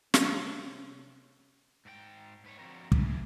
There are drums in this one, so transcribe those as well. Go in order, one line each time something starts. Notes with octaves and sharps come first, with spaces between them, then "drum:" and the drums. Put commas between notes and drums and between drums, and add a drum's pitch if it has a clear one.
C3 G3 C#4, drum: snare
G#2 G#4 G5
G#2 B4 C#5
D3 F3 C4 F#4 A#4
E4 F4 G#4 B4, drum: kick